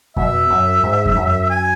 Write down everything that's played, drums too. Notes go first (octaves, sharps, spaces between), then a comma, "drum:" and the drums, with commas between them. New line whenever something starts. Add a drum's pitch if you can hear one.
B2 E5, drum: kick F2
F#2
G#2
drum: kick F2
F#2
G#5